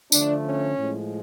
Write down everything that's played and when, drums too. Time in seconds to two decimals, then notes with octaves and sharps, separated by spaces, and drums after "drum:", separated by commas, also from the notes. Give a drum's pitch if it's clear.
0.12 D3 F3 A3 D4, drum: tambourine
0.46 C#4
0.79 A2 F3 G#3